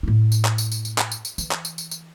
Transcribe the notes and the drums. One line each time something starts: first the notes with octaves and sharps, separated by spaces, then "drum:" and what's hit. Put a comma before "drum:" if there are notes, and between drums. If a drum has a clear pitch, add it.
A2 E4
drum: tambourine
drum: clap
drum: tambourine
drum: tambourine
drum: tambourine
drum: clap
drum: tambourine
drum: tambourine
E3, drum: tambourine
drum: clap
drum: tambourine
drum: tambourine
drum: tambourine